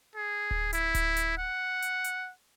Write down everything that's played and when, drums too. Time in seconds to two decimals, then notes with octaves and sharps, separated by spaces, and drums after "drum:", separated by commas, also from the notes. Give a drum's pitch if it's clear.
0.16 G#4
0.51 drum: kick D1
0.73 E4, drum: hi-hat
0.95 drum: kick D1, hi-hat
1.17 drum: hi-hat
1.38 F#5
1.82 drum: hi-hat
2.04 drum: hi-hat